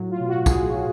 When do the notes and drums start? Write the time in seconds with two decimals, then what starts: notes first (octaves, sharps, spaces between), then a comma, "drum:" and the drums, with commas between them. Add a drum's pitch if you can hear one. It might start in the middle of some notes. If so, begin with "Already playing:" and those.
Already playing: A2 F#3
0.10 F4
0.20 B2
0.28 F#4
0.46 B2 G#4, drum: kick, tambourine
0.73 F#3